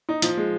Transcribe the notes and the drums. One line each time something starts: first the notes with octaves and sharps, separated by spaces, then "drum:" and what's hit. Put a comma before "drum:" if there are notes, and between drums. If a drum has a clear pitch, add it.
D#4
F3, drum: hi-hat
G#3